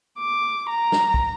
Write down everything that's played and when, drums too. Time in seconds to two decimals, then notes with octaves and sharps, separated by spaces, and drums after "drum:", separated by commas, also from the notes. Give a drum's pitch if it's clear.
0.19 D6
0.70 A#5
0.92 drum: snare
1.14 drum: kick